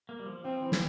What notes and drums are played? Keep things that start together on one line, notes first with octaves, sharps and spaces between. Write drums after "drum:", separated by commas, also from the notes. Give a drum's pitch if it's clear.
A#3
G3
F3
F3 C4
E3
drum: snare